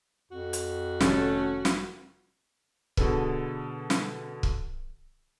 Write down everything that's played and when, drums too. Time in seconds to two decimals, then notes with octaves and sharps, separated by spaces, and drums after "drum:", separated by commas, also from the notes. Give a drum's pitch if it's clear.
0.32 F2 F#4
0.53 drum: hi-hat
1.01 F1 D#3 G3 A3 C#4, drum: snare
1.65 drum: snare
2.97 B2 D3 G#4 A4 B4, drum: kick
3.90 drum: snare
4.43 drum: kick